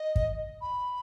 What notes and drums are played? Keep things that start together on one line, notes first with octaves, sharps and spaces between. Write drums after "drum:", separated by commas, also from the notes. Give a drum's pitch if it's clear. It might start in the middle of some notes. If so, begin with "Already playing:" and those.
Already playing: D#5
drum: kick
B5